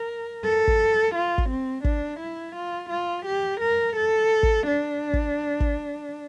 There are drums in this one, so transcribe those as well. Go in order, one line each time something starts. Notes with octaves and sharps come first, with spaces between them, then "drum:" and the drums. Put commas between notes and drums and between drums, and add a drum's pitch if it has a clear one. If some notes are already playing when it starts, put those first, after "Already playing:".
Already playing: A#4
A4
drum: kick
F4
drum: kick
C4
D4, drum: kick
E4
F4
F4
G4
A#4
A4
drum: kick
D4
drum: kick
drum: kick